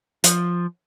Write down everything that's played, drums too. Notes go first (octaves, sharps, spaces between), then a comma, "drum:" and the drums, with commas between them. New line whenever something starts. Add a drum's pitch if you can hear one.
F3, drum: hi-hat